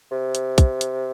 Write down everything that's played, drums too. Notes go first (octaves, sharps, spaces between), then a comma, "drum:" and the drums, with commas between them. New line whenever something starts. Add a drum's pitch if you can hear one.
C3
drum: hi-hat
drum: kick, hi-hat
drum: hi-hat